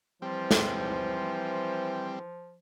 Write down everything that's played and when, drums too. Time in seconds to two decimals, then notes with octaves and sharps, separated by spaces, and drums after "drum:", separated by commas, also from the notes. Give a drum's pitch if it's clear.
0.22 E3 F3 G3 C4
0.51 drum: snare